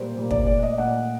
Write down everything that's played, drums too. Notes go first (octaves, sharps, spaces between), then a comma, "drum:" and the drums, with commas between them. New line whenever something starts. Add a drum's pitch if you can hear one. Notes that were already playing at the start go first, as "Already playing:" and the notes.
Already playing: A#2 G3 A#3 C5
A#2 G3 A#3 C5
D5, drum: kick
A#2 A3 D5
D#5
A#2 A3 F#5